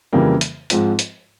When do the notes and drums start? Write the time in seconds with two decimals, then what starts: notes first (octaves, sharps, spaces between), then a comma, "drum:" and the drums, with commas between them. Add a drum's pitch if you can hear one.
0.13 F2 C#3 E3 G3 A#3
0.41 drum: hi-hat
0.70 G#2 F3 G#3 C4 F4, drum: hi-hat
0.99 drum: hi-hat